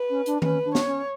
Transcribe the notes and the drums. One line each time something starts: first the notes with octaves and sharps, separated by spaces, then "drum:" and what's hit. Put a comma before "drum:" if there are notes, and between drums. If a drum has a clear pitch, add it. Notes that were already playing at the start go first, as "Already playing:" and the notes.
Already playing: B4
C#4
D4, drum: hi-hat
C#4 B4, drum: tom D#3
D4
C#5, drum: snare
C#4